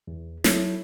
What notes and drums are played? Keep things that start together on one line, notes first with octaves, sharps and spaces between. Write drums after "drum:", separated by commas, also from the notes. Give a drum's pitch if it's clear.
E2
F#3 E4 A4 C#5, drum: snare